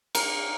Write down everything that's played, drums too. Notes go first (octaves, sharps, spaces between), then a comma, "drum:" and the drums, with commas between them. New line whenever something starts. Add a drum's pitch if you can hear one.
A#4, drum: cymbal